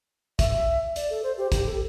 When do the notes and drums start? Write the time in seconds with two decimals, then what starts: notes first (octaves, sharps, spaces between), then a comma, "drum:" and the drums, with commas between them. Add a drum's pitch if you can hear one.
0.39 E5, drum: kick, hi-hat
0.96 D5, drum: hi-hat
1.10 A4
1.23 C5
1.37 G4
1.52 G4, drum: kick, hi-hat
1.66 A4